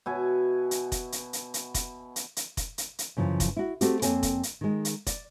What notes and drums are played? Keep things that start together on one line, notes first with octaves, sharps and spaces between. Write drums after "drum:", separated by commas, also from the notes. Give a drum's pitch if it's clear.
B2 E5 G#5
drum: hi-hat
drum: kick F1, hi-hat
drum: hi-hat
drum: hi-hat
drum: hi-hat
drum: kick F1, hi-hat
drum: hi-hat
drum: hi-hat
drum: kick F1, hi-hat
drum: hi-hat
drum: hi-hat
F#2 C#3 E3 F3
drum: kick F1, hi-hat
E4 F#4
A3 C4 F#4 G4, drum: hi-hat
F2 A#3 C4 A#4 C#5 G#5, drum: hi-hat
drum: kick F1, hi-hat
drum: hi-hat
D#3 G#3
drum: hi-hat
D5, drum: kick F1, hi-hat